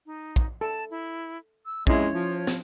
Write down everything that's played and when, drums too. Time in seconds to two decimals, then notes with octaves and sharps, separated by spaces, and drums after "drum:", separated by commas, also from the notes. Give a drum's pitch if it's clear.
0.06 D#4
0.36 drum: kick
0.61 A4 A5
0.90 E4
1.66 E6
1.87 F2 G#3 C#4 E4 C#5, drum: kick
2.14 F3
2.47 drum: snare